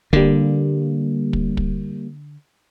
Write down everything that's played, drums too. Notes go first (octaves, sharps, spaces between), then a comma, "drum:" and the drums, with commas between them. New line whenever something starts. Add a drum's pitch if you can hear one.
D3 G3 A#3, drum: kick
drum: kick
drum: kick